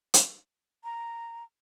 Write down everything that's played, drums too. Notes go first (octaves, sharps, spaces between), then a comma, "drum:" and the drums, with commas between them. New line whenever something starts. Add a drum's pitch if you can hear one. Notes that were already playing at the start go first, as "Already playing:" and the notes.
drum: hi-hat
A#5